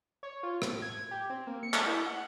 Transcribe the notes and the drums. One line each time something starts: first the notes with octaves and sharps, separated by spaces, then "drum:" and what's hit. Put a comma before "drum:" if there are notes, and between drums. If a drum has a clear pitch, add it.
C#5
F4
A2, drum: rim click
G#6
G4
C4
A#3
C#7
drum: clap
E4
F#5